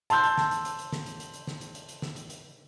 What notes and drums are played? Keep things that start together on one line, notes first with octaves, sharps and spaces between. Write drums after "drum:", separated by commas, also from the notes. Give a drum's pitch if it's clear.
A5 C6 E6 G6, drum: hi-hat
drum: hi-hat
drum: snare
drum: hi-hat
drum: hi-hat
drum: hi-hat
drum: snare
drum: hi-hat
drum: hi-hat
drum: hi-hat
drum: snare
drum: hi-hat
drum: hi-hat
drum: hi-hat
drum: snare
drum: hi-hat
drum: hi-hat